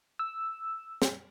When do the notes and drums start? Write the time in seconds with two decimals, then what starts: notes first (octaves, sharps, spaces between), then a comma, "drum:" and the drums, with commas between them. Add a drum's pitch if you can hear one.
0.19 E6
1.02 drum: snare